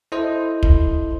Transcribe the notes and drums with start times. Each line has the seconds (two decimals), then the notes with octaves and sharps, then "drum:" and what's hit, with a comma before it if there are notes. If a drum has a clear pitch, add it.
0.12 E4 A4 C5 D#5
0.63 drum: kick